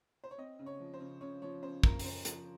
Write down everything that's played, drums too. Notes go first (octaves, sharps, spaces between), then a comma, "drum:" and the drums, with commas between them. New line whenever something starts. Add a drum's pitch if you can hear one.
C5
C#5
C4 D#5
C#3
C#5
F3
C5
C#3
C#3 C#5
F3 C#5
C#3 C5
C#3 A#4, drum: kick
A#4, drum: open hi-hat
C#3 C5
F3, drum: hi-hat